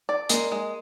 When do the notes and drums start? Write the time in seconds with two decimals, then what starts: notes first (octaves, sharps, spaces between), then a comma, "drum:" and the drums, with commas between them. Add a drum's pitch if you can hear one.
0.09 D5
0.29 G#3 A#3, drum: hi-hat
0.52 G#3